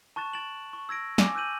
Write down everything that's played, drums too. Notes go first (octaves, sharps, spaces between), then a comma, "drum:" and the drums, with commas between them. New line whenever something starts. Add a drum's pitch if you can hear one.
A5 C#6 F#6 A6 E7
A5 A6 D7 E7 F#7
C#6
E6 G#6 A#6 D7
G#5 D6, drum: snare
E6 F#6 G6 D#7 F#7